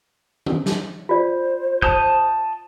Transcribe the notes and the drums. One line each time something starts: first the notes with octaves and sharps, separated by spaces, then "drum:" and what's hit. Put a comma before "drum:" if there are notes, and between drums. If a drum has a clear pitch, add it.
drum: tom D#3
drum: snare
F4 C5 D5
A5 D#6 G6, drum: kick